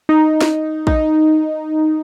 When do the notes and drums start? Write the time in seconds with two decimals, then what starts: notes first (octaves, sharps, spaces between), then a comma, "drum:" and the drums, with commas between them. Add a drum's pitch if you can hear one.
0.09 D#4
0.41 drum: snare
0.87 D#4, drum: kick